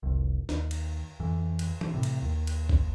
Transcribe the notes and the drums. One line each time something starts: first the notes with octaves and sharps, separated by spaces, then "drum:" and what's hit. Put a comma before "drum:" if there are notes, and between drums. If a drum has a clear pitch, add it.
F1 C2
D#2, drum: snare
drum: cymbal
F2 E3
drum: cymbal
drum: tom E3
A2 C3
drum: cymbal
D#2
drum: cymbal
drum: kick G#1